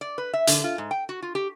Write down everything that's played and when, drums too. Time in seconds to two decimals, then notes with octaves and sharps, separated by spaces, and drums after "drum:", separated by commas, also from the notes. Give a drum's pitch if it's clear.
0.01 D5
0.18 B4
0.33 E5
0.47 D3, drum: hi-hat
0.64 F4
0.78 G#2
0.91 G5
1.09 F#4
1.22 F4
1.35 G4